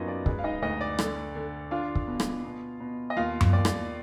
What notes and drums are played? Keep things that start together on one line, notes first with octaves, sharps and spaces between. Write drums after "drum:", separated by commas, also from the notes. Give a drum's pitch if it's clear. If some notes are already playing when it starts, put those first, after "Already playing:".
Already playing: F#2 A#3 B3 D#4 F4 F#4 D#5 F5
D5
G#3 B4, drum: kick
F5
D#4 D#5
D2 D#4 D#5
D5
D3, drum: rim click
D3
D4 F4 F5
drum: kick
B2
drum: rim click
B2
B2
D#5
D#2 F4 F5
drum: tom F#2
D#2 D5
drum: rim click